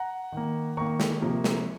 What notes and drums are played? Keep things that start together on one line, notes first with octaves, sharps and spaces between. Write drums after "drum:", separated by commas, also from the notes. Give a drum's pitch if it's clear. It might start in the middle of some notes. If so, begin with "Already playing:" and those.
Already playing: F#5 A#5
D#3 A#3
D#3 A#3 A#5 C#6
drum: snare
C3 F3 A#3
drum: snare